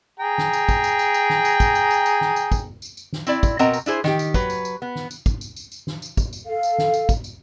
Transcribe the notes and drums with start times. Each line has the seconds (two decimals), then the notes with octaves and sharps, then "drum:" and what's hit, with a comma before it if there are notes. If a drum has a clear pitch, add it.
0.20 G#4 G5 A#5
0.38 drum: snare
0.53 drum: tambourine
0.69 drum: kick, tambourine
0.84 drum: tambourine
0.99 drum: tambourine
1.14 drum: tambourine
1.30 drum: snare
1.45 drum: tambourine
1.60 drum: kick, tambourine
1.75 drum: tambourine
1.91 drum: tambourine
2.06 drum: tambourine
2.21 drum: snare
2.36 drum: tambourine
2.52 drum: kick, tambourine
2.82 drum: tambourine
2.97 drum: tambourine
3.13 drum: snare
3.27 C4 E4 D5, drum: tambourine
3.43 drum: kick, tambourine
3.59 B2 C4 A#4 D#5 F#5 A#5, drum: tambourine
3.73 drum: tambourine
3.86 D4 E4 G#4 C5, drum: tambourine
4.04 D#3 G4, drum: snare
4.19 drum: tambourine
4.34 F#3 B4, drum: kick, tambourine
4.50 drum: tambourine
4.65 drum: tambourine
4.82 B3
4.95 drum: snare
5.11 drum: tambourine
5.26 drum: kick, tambourine
5.41 drum: tambourine
5.56 drum: tambourine
5.72 drum: tambourine
5.87 drum: snare
6.02 drum: tambourine
6.17 drum: kick, tambourine
6.33 drum: tambourine
6.46 A4 F5
6.63 drum: tambourine
6.78 drum: snare
6.94 drum: tambourine
7.09 drum: kick, tambourine
7.24 drum: tambourine